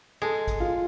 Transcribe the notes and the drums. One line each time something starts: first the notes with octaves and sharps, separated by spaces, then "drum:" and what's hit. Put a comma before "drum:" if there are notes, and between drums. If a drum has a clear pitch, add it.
G#3 A4
drum: kick, hi-hat
F4